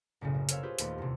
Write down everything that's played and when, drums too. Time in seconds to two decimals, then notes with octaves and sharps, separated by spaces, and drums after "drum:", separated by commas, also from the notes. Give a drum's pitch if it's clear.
0.21 F#1 B1 A2 C#3
0.34 A#3
0.49 A#4 C5 C#5 E5 F5, drum: hi-hat
0.63 F4 G4 G#4 B4 C5
0.79 D#1 D#2 A3 B4 C6, drum: hi-hat
0.98 E2 C3